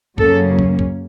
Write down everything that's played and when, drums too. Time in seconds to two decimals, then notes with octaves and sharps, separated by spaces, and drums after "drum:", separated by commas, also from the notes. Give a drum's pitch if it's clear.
0.18 F#2 C#3 F#3 A#3 C#4 A4, drum: kick
0.59 drum: kick
0.79 drum: kick